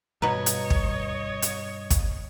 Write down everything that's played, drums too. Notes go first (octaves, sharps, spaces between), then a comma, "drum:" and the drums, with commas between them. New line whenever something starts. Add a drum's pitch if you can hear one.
G2 B2 B4 C#5 D#5 A#5
drum: hi-hat
drum: kick
drum: hi-hat
drum: kick, hi-hat